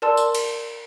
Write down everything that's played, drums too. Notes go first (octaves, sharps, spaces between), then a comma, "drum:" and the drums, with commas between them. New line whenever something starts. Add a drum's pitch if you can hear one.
A#4 D5 A5 C6 E6
drum: tambourine
drum: cymbal